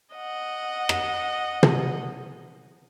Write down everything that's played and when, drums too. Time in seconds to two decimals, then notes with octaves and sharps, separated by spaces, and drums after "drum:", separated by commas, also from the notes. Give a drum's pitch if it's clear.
0.16 D#5 F#5
0.89 drum: rim click
1.63 drum: tom